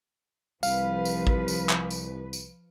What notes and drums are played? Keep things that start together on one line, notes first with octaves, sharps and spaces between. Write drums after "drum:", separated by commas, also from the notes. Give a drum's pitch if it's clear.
C2 F3 G3 B4 F5, drum: tambourine
drum: tambourine
drum: kick A1
drum: tambourine
drum: clap
drum: tambourine
drum: tambourine